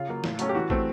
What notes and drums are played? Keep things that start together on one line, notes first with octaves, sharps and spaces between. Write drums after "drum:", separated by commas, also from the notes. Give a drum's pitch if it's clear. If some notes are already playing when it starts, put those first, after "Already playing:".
Already playing: C#3 F4
F#3 A#3
A2, drum: snare
F#3 A3 C#4, drum: hi-hat
G4
E3 F#4
A3 C4, drum: kick